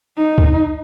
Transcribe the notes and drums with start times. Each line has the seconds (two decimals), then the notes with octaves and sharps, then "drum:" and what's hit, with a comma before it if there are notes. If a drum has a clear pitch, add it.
0.17 D#4
0.38 drum: kick C#2